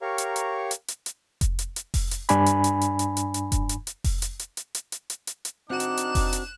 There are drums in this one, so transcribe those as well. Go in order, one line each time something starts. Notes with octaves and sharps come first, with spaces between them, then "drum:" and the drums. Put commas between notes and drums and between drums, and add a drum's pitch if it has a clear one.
G4 A#4 C#5 F5 A#5 C#6
drum: hi-hat
drum: hi-hat
drum: hi-hat
drum: hi-hat
drum: hi-hat
drum: kick F1, hi-hat
drum: hi-hat
drum: hi-hat
drum: kick F1, open hi-hat
drum: hi-hat
G2 D4 G#5 B5, drum: hi-hat
drum: hi-hat
drum: hi-hat
drum: hi-hat
drum: hi-hat
drum: hi-hat
drum: hi-hat
drum: kick F1, hi-hat
drum: hi-hat
drum: hi-hat
drum: kick F1, open hi-hat
drum: hi-hat
drum: hi-hat
drum: hi-hat
drum: hi-hat
drum: hi-hat
drum: hi-hat
drum: hi-hat
drum: hi-hat
C4 D4 D#4 F#4 D6 F#6 E7
drum: hi-hat
drum: hi-hat
drum: kick F1, open hi-hat
drum: hi-hat